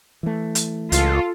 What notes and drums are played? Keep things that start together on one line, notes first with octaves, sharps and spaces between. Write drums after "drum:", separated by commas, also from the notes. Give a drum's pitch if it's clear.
E3 A3
drum: hi-hat
C#2 F4 A4, drum: hi-hat